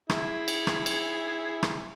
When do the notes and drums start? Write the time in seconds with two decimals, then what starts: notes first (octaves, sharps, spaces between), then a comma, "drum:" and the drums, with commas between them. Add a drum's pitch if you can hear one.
0.10 E4 G#4, drum: rim click
0.48 drum: cymbal
0.67 drum: rim click
0.86 drum: cymbal
1.63 drum: rim click